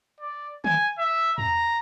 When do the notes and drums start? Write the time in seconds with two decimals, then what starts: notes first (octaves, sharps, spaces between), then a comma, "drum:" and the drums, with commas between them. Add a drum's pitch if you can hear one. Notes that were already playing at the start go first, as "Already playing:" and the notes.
0.20 D5
0.64 G#5, drum: tom
0.98 E5
1.38 A#5, drum: tom E2